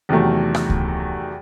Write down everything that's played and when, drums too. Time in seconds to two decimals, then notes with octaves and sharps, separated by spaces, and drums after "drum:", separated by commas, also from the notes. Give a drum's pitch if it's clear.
0.09 E2 C3 D#3 F#3 A3
0.55 drum: rim click
0.70 drum: kick C#2